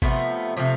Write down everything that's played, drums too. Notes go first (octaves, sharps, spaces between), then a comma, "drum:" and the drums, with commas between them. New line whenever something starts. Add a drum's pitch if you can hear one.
C3 F3 A3 B3, drum: kick G#1
C3 F3 A3